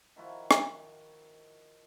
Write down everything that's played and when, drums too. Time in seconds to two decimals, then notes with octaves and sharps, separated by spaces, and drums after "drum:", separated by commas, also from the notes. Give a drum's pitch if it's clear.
0.16 D#3 F3 E4 F#4
0.51 drum: rim click